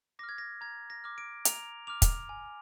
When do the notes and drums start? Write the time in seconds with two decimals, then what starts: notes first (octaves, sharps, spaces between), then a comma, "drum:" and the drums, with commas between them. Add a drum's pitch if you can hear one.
0.19 D6 F6 A#6
0.29 G#6
0.38 A#6
0.61 A#5 G#6
0.90 A#6
1.04 D6 F6
1.18 D7
1.45 A#5 F7, drum: hi-hat
1.87 D6 F6 F7
2.02 drum: kick, hi-hat
2.29 G#5